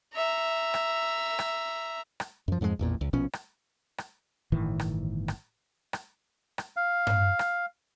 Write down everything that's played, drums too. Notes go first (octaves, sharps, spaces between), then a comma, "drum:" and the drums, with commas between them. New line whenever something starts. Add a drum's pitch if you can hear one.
E5 A#5
drum: rim click
drum: rim click
drum: rim click
F#2 F3
F2 G#2 F3 G#3
A1 E2 A#2
C#2
A#1 B2 F3 C#4
drum: rim click
drum: rim click
G1 A2 D#3 E3
drum: rim click
drum: rim click
drum: rim click
drum: rim click
F5
drum: tom G2
drum: rim click